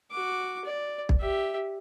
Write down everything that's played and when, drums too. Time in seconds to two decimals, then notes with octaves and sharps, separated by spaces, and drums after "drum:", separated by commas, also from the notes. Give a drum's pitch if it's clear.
0.11 F#4 D6
0.65 D5
1.09 drum: kick
1.20 G4 E5